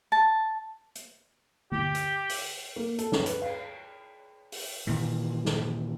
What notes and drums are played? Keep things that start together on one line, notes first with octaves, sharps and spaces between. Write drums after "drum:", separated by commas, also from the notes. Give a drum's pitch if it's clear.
A5
drum: hi-hat
G4, drum: tom D3
drum: hi-hat
drum: open hi-hat
A#3
A4, drum: hi-hat
C#4, drum: snare
B4, drum: hi-hat
F5, drum: cymbal
drum: open hi-hat
A#2 D#3 E3
drum: snare